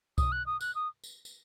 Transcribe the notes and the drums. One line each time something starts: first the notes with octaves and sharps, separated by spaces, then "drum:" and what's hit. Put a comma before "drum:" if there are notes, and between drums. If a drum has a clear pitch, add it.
D#6, drum: kick C2, tambourine
F#6
D#6
F#6, drum: tambourine
D#6
drum: tambourine
drum: tambourine